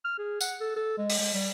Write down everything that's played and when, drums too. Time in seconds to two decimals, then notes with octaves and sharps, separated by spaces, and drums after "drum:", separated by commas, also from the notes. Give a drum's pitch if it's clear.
0.05 F6
0.19 G#4
0.41 F#5, drum: tambourine
0.60 A4
0.76 A4
0.98 G#3
1.10 drum: open hi-hat
1.19 G#3
1.34 G3